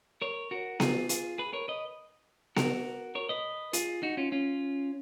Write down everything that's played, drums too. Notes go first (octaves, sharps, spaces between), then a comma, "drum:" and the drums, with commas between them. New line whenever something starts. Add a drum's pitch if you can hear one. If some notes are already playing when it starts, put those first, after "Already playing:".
A#4 C#5
F#4 A#4
F4 G#4, drum: snare B3
F4 G#4, drum: hi-hat
G#4 B4
A#4 C#5
B4 D#5
F#4 A#4, drum: snare B3
A#4 C#5
B4 D#5
F4 G#4, drum: hi-hat
D#4 F#4
C#4 F4
C#4 F4